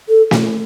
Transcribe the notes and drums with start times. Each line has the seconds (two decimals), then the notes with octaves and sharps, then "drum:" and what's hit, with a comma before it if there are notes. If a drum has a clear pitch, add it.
0.09 A4
0.31 drum: snare